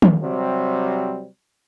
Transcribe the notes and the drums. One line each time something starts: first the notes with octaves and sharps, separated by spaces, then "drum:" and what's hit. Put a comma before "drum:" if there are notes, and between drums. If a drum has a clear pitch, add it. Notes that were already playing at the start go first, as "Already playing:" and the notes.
drum: tom
C3 F#3 G3 C4